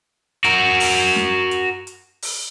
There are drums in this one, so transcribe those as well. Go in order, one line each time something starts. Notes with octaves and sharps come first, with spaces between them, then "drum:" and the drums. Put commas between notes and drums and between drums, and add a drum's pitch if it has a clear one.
F#4 A#4, drum: hi-hat
drum: open hi-hat
drum: snare
drum: hi-hat
drum: hi-hat
drum: open hi-hat